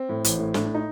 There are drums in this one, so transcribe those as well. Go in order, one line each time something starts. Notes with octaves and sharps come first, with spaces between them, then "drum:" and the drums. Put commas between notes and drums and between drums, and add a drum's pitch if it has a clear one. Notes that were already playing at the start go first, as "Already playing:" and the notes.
Already playing: C4
A2
A1, drum: hi-hat
A2
A2 D4, drum: snare
D4
D#4